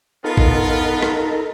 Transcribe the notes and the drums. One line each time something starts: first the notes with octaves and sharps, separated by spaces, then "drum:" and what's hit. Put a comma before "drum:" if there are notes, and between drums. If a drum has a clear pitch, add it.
B3 D#4 F4 A4 A#4
drum: kick A1
drum: rim click